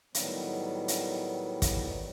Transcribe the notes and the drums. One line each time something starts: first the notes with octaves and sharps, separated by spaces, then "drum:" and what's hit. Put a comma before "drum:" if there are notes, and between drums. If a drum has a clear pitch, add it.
A2 D#3 F#3 G3 B3, drum: hi-hat
drum: hi-hat
drum: kick, hi-hat